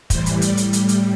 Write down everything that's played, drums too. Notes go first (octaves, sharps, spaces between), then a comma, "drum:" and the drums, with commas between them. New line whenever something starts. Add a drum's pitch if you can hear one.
A2 E3 G3 C5, drum: kick, hi-hat
drum: hi-hat
A2 G3 D5, drum: hi-hat
drum: hi-hat
drum: hi-hat
drum: hi-hat